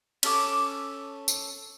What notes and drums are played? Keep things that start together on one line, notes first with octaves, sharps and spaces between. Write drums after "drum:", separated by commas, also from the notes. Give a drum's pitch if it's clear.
C#4 A4 D6, drum: cymbal
drum: tambourine